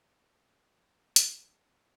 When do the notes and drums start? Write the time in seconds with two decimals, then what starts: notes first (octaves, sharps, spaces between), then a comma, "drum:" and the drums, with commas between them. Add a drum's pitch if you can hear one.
0.24 B4
0.57 A4
1.16 drum: hi-hat